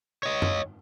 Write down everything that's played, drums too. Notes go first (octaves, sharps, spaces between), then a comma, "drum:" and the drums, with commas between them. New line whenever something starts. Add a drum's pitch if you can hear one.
C#5 D#5
drum: tom F#2